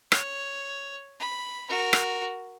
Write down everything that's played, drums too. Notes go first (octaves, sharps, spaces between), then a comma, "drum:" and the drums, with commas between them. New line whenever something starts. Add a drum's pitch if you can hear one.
C#5, drum: rim click
B5
F#4 A#4
drum: rim click